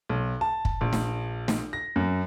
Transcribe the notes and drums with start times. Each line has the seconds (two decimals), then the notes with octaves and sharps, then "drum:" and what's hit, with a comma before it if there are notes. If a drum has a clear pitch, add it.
0.09 B1
0.41 A5
0.65 drum: kick
0.81 A#1
0.93 drum: snare
1.48 drum: snare
1.73 A#6
1.96 F#2